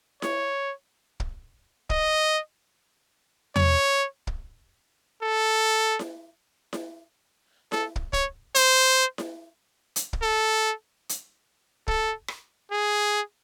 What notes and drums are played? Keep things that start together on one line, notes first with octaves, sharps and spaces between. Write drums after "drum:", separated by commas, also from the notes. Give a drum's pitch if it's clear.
C#5, drum: snare E4
drum: kick
D#5, drum: kick
C#5, drum: tom E2
drum: kick
A4
drum: snare E4
drum: snare E4
A4, drum: snare E4
drum: kick
C#5, drum: kick
C5, drum: hi-hat
drum: snare E4
drum: hi-hat
drum: kick
A4
drum: hi-hat
A4, drum: kick
drum: rim click
G#4